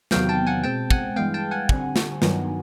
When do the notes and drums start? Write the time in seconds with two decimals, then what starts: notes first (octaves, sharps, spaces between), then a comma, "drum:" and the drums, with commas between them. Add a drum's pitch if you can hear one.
0.11 E2 C3 D#3 F#3 B3 F5 G5, drum: snare
0.29 G5 A5
0.47 F#5 G#5
0.63 B2 G#3 C4 G5 A5
0.91 F#5 G#5, drum: kick
1.16 G2 E3 G#3 B3 F5 G5
1.34 G5 A5
1.51 F#5 G#5
1.69 D3 G3 C4, drum: kick
1.96 drum: snare
2.22 G2 D#3 F#3 B3, drum: snare